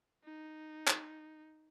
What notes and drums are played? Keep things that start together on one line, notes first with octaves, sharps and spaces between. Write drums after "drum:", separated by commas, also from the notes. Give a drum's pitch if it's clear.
D#4
drum: clap